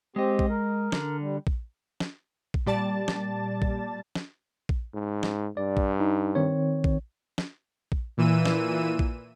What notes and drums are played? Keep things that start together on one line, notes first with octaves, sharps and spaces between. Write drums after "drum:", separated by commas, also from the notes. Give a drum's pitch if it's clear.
G#3 C4 G4 D#5
drum: kick A#1
A#4
D3, drum: snare
G3
drum: kick A#1
drum: snare
drum: kick A#1
A#2 G3 D5 A5 A6
drum: snare
drum: kick A#1
drum: snare
drum: kick A#1
G#2
drum: snare
G2 D5
drum: kick A#1
D#4
D#3 C4 C#5
drum: kick A#1
drum: snare
drum: kick A#1
A#2 E3 E6 D#7
drum: snare
drum: kick A#1